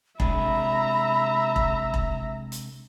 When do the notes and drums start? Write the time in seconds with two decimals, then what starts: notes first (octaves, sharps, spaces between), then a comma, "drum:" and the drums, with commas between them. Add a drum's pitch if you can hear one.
0.20 C3 G#3 D4 E5 A#5 B5, drum: kick E1
1.56 drum: kick E1
1.94 drum: kick E1
2.52 drum: hi-hat